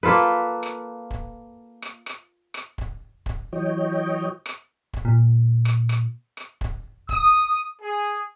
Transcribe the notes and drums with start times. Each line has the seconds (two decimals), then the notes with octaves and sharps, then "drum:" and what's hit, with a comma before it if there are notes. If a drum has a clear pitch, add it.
0.03 A#3 F4 A4 B4
0.63 drum: rim click
1.11 drum: kick
1.82 drum: rim click
2.06 drum: rim click
2.54 drum: rim click
2.78 drum: kick
3.26 drum: kick
3.53 E3 F#3 C#5 D#5 G5
4.46 drum: rim click
4.93 drum: kick
5.05 A#2
5.65 drum: rim click
5.89 drum: rim click
6.37 drum: rim click
6.61 drum: kick
7.09 D#6, drum: kick
7.81 G#4